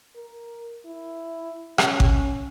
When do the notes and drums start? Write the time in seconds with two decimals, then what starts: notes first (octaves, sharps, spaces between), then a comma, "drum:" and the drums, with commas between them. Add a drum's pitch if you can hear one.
0.16 A#4
0.85 E4
1.78 C#4, drum: rim click
2.00 drum: kick G#1